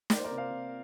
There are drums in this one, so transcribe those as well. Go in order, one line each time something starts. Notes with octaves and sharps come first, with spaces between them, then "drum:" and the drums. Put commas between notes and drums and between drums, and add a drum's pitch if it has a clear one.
A#3 D5, drum: snare
C5
A#4 D5
C3
C5 F5
C3